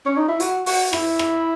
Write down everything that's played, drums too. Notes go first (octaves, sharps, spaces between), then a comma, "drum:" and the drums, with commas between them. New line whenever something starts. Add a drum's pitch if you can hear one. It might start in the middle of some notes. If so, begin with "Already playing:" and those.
C#4
D#4
E4
F#4, drum: hi-hat
F#4, drum: open hi-hat
E4, drum: rim click
drum: rim click